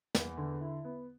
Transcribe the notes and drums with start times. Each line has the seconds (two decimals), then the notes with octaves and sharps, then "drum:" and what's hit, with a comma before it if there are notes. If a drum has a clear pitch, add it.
0.15 E2, drum: snare
0.38 D3
0.61 E4
0.85 B3